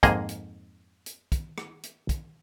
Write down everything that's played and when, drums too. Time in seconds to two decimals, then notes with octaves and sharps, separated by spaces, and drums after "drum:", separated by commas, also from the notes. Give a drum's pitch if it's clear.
0.03 F2 G#2 A#3 G#4 D#5, drum: kick, hi-hat
0.29 drum: hi-hat
1.06 drum: hi-hat
1.32 drum: kick, hi-hat
1.58 drum: rim click
1.83 drum: hi-hat
2.09 drum: kick, hi-hat